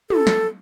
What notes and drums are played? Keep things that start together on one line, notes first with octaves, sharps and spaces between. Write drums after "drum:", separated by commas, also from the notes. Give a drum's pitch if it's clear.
A4, drum: tom
drum: snare